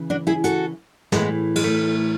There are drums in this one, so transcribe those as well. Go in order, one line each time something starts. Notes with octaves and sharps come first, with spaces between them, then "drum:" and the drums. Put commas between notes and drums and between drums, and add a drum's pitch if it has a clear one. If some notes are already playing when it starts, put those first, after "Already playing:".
Already playing: C#3 E3
D4 F#4
E4 G#4
F#4 A4, drum: hi-hat
A2 E3 G#3 B3, drum: snare
G#3, drum: cymbal
A3